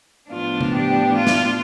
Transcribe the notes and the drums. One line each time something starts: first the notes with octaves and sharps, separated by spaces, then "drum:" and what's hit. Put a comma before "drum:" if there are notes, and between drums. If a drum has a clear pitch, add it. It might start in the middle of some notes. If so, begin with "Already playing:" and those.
A2 F3 B3 D4 F4
drum: tom C#3
G4
F4
drum: snare